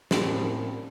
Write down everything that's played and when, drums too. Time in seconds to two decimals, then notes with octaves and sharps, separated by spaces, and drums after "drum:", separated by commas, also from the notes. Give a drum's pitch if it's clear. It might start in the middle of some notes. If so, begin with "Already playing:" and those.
0.11 C2 A2 A#3 C4 C#4 F4 G4 B5, drum: snare